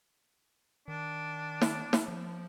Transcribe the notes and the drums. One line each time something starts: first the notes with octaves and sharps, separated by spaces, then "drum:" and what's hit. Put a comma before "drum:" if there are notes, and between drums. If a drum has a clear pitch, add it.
D#3 D4
drum: snare
drum: snare
F3